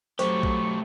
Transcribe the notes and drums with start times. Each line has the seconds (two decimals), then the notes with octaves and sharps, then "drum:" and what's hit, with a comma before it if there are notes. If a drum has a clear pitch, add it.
0.19 F#3 A3 G4 C5 C#6, drum: open hi-hat
0.43 drum: kick